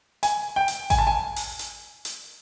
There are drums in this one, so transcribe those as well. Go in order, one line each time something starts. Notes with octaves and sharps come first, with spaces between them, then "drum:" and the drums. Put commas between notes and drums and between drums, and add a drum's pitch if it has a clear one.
G#5, drum: hi-hat
G5
drum: hi-hat
G#5, drum: kick A1, hi-hat
A5
G#5
drum: open hi-hat
drum: hi-hat
drum: hi-hat